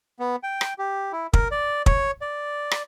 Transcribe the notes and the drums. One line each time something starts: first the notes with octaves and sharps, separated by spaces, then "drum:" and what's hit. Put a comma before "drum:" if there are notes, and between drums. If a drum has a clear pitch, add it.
B3
G5
drum: rim click
G4
E4
A#4, drum: kick
D5
C#5, drum: kick
D5
drum: rim click